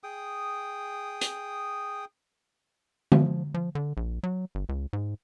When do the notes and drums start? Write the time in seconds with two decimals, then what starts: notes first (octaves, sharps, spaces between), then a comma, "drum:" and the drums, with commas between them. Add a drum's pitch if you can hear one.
0.04 G#4 G5 D#6
1.21 drum: hi-hat
3.12 F3, drum: tom
3.54 F3
3.75 D3
3.97 A#1
4.23 F#3
4.55 G1
4.69 C#2
4.93 G#2